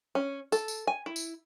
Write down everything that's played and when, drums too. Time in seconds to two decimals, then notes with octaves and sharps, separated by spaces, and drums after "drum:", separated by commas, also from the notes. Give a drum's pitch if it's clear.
0.15 C#4
0.52 A4, drum: tambourine
0.68 drum: tambourine
0.87 G#5
1.06 E4
1.16 drum: tambourine